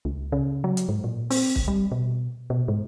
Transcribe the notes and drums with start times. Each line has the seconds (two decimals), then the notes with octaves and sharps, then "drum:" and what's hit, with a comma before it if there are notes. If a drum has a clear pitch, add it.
0.05 C#2
0.32 C#3
0.64 F#3
0.77 drum: hi-hat
0.89 G#2
1.04 A#2
1.30 C4, drum: open hi-hat
1.56 drum: kick
1.68 G3
1.92 B2
2.50 B2
2.68 G#2